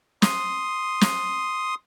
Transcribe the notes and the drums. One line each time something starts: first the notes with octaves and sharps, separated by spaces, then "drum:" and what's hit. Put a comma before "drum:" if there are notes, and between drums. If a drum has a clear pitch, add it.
C6 D#6, drum: snare
drum: snare